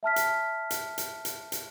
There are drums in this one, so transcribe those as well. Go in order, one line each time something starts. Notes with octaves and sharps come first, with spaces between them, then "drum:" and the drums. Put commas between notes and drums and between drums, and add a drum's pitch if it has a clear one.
E5 A5 F6 B6
drum: hi-hat
drum: hi-hat
drum: hi-hat
drum: hi-hat
drum: hi-hat